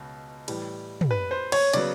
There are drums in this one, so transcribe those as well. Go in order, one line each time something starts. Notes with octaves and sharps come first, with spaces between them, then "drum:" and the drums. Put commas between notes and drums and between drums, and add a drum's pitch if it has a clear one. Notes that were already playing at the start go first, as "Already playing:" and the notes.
Already playing: C#2 B2
A2 E3 G3, drum: cymbal
drum: tom
B4
C5
C#5, drum: cymbal
C#3 F#3 B3 D5, drum: hi-hat